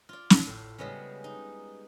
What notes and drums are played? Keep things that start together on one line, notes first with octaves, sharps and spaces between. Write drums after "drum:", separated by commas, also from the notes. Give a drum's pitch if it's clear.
F4 D5
drum: snare
A2
C#3 G3 G#3 B3 C#4
D#4